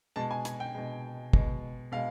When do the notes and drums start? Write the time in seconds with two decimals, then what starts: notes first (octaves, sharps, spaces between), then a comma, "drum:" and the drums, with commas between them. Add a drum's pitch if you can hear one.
0.16 B2 G#3 A5
0.31 G#5
0.45 G#5, drum: hi-hat
0.60 G5
0.75 B2 G#3
1.33 B2 G#3, drum: kick
1.92 B2 G#3 F5